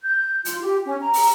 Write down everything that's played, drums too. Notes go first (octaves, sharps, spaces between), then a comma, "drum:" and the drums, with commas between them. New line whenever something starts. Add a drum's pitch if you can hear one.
G6
F4, drum: hi-hat
G4
C#4
A#5
drum: open hi-hat